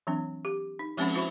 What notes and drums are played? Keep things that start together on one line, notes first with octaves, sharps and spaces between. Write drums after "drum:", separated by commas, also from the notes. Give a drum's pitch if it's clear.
E3 F#3 C4 D4
G4
D#4
F3 G#3 C4 C#4 F#5 B5, drum: open hi-hat
E4 F#4 C5 E5 B5 C#6